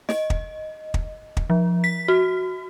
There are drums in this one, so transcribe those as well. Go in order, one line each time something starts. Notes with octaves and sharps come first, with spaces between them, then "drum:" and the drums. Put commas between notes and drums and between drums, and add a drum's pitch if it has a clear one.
D#5, drum: snare
drum: kick
drum: kick
drum: kick
F3
B6
F#4